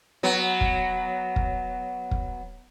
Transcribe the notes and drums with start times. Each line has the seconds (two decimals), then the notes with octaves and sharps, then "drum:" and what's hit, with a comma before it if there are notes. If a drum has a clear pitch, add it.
0.23 F#3 B3
0.61 drum: kick
1.36 drum: kick
2.11 drum: kick